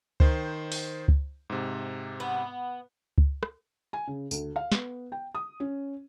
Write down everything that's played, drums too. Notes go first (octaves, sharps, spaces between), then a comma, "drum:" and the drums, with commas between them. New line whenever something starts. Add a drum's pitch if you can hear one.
D#3 C5, drum: kick C#2
drum: open hi-hat
drum: kick C#2
G#2 C3
B3
drum: kick C#2
drum: rim click
G#5
C#3
D2, drum: tambourine
F5
B3, drum: snare
G5
D#6
C#4